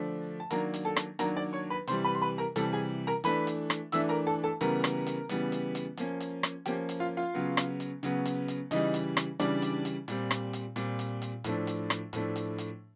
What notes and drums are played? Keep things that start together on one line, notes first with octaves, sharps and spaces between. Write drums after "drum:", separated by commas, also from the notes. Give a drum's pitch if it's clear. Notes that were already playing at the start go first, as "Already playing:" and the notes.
Already playing: D3 F3 A3 D4
A5
D#3 F#3 A#3 D4 A#4 A#5, drum: hi-hat
drum: hi-hat
A4 A5
drum: rim click
D#3 F#3 A#3 D4 A#4 A#5, drum: hi-hat
D5 D6
C#5 C#6
B4 B5
C3 E3 G3 C5 C6, drum: hi-hat
B4 B5
C6
B4 B5
A#4 A#5
C3 E3 G3 A4 A5, drum: hi-hat
G#4 G#5
A#4 A#5
E3 A3 D4 B4 B5, drum: hi-hat
drum: hi-hat
drum: rim click
E3 A3 D4 E5 E6, drum: hi-hat
A#4 A#5
A4 A5
A4 A5
C#3 E3 G3 B3 A#4 A#5, drum: hi-hat
drum: rim click
drum: hi-hat
C#3 E3 G3 B3, drum: hi-hat
drum: hi-hat
drum: hi-hat
F3 A#3 C#4, drum: hi-hat
drum: hi-hat
drum: rim click
F3 A#3 C#4 G4 G5, drum: hi-hat
drum: hi-hat
F4 F5
F4 F5
C#3 F#3 B3
drum: rim click
drum: hi-hat
C#3 F#3 B3, drum: hi-hat
drum: hi-hat
drum: hi-hat
C#3 E3 G3 D#4 D#5, drum: hi-hat
drum: hi-hat
drum: rim click
C#3 E3 G3 D4 D5, drum: hi-hat
drum: hi-hat
drum: hi-hat
A#2 G3 C4, drum: hi-hat
drum: rim click
drum: hi-hat
A#2 G3 C4, drum: hi-hat
drum: hi-hat
drum: hi-hat
A2 F3 A3 D4, drum: hi-hat
drum: hi-hat
drum: rim click
A2 F3 A3 D4, drum: hi-hat
drum: hi-hat
drum: hi-hat